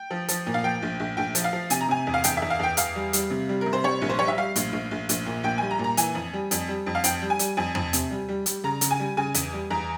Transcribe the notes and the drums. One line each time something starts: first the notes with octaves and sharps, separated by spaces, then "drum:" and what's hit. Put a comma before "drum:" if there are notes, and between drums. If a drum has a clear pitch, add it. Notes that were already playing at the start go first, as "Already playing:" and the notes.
Already playing: G5
F3
F3, drum: hi-hat
A#2
F5
F3 G5
A#1
A#1
A#1 G5
F3, drum: hi-hat
F5
F3
C3 G#5, drum: hi-hat
A#5
C3 G#5
E2
F5
E2 G5, drum: hi-hat
E2 E5
F5
E2 G5
E2 F5, drum: hi-hat
G3
G3, drum: hi-hat
C3
G3
C3 A#4
C5
G3 C#5
A#1
C5
G3 C#5
E5
G3 F5
A#1, drum: hi-hat
A#1
A#1
A#1, drum: hi-hat
A#2
A#1 G5
G3 G#5
A#5
A#2
A#5
E3 G#5, drum: hi-hat
F2
G3
F2, drum: hi-hat
G3
F2
F5
F2 G5, drum: hi-hat
G3
G#5
G3, drum: hi-hat
F2 G#5
F2, drum: tom E2
C3, drum: hi-hat
G3
G3
G3, drum: hi-hat
C#3 A#5
C#3, drum: hi-hat
G#5
G3
C#3 G#5
E2, drum: hi-hat
G3
E2 A#5